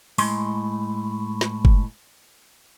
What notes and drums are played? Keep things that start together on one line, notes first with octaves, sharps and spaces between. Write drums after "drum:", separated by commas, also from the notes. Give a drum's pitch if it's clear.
A2 G#3 C6, drum: open hi-hat
drum: snare
drum: kick F#1